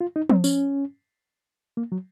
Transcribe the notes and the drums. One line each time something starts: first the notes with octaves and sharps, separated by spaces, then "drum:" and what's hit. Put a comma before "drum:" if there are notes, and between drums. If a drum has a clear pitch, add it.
F4
D#4
C4, drum: tom F3
C#4, drum: tambourine
A#3
F#3